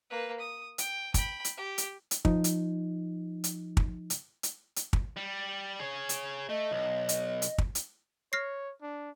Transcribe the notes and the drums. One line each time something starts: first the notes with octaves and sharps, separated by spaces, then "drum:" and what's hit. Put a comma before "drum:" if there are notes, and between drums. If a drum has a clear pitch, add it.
A#3 B4
D#6
G5, drum: hi-hat
G5 B5, drum: kick, hi-hat
drum: hi-hat
G4
drum: hi-hat
drum: hi-hat
F3 D#4, drum: kick
drum: hi-hat
drum: hi-hat
drum: kick
drum: hi-hat
drum: hi-hat
drum: hi-hat
drum: kick
G3
G#4 C#5
drum: hi-hat
A3 D#5
B1
drum: hi-hat
drum: hi-hat
drum: kick
drum: hi-hat
C#5 F6 A#6 C7
D4